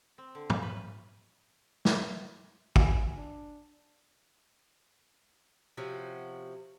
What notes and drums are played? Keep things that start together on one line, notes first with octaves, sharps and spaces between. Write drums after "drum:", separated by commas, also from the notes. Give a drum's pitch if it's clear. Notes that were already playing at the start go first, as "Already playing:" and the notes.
C4
D3
C#4, drum: tom G#2
B4
drum: snare
G#5, drum: kick
D4
C3 F3 C#4 F#4